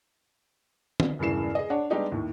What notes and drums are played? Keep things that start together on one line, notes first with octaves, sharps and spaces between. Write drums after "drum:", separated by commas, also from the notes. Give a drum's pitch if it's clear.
drum: tom D#3
E1 G2 C#3 E3 C7 E7
G#4 D#5
D4 C#5 F#5
G3 G#3 B3 D4 D#4 G4
D#2 A2